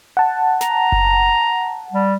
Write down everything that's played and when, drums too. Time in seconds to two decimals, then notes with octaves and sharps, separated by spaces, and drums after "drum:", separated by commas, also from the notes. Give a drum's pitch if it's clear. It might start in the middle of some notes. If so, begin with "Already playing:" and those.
0.17 F#5 A5
0.61 A#5, drum: snare
0.92 drum: kick F#1
1.92 G3